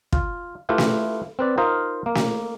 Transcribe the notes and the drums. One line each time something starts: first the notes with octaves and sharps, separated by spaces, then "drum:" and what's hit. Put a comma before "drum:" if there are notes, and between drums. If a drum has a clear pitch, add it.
F4, drum: kick
A3 E4 F4 G4 B4
drum: snare
C4 B4 D5
D#4 F4 A#4 C5 D#5 F5
A#3
drum: snare